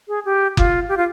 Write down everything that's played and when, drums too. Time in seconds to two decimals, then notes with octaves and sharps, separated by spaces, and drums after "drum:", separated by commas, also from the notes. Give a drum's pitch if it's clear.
0.08 G#4
0.25 G4
0.57 F4, drum: kick F#1
0.89 G4
0.97 F4